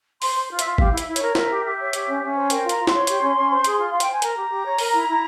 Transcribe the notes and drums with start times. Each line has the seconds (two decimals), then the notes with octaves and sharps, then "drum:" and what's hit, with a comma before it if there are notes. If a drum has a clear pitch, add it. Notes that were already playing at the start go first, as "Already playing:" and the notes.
0.22 C5 C6, drum: open hi-hat
0.35 C5
0.50 F4
0.59 E5, drum: hi-hat
0.64 F4
0.78 G4 F5, drum: kick
0.92 E4
0.98 E5, drum: hi-hat
1.07 E4
1.16 C#5, drum: hi-hat
1.21 A#4
1.35 A#4 E5, drum: snare
1.50 G4
1.64 G4
1.78 C#5
1.93 G4, drum: hi-hat
2.07 C#4
2.21 C#4
2.35 C5
2.50 A#4 G5, drum: hi-hat
2.64 F4
2.69 A#5, drum: hi-hat
2.79 F4
2.87 C6, drum: snare
2.93 C#5
3.07 G4, drum: hi-hat
3.22 C#4
3.36 C#4
3.50 C5
3.64 G#4, drum: hi-hat
3.79 F4
3.90 F4 F5
4.00 G5, drum: hi-hat
4.07 C5 G#5
4.22 A#4 A#5, drum: hi-hat
4.36 G4
4.50 G4
4.65 C#5
4.78 A#4, drum: open hi-hat
4.93 E4
5.07 E4